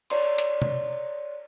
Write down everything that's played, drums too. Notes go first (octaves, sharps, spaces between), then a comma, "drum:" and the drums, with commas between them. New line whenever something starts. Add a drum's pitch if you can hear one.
C#5 D5 C6, drum: cymbal
drum: hi-hat
drum: tom C3